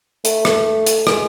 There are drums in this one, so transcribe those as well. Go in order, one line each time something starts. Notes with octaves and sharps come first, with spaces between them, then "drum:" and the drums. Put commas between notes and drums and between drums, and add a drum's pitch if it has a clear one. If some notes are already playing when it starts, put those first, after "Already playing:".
A3, drum: hi-hat
drum: rim click
drum: hi-hat
G#3, drum: rim click